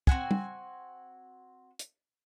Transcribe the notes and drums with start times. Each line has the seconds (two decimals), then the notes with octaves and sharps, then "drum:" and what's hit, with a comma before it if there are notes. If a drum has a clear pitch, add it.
0.07 C4 E4 F#4 G#5, drum: kick
0.31 drum: tom
1.79 drum: hi-hat